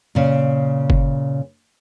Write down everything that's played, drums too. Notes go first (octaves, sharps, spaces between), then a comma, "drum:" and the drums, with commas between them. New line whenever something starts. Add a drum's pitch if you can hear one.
A#2 C#3
drum: kick F#1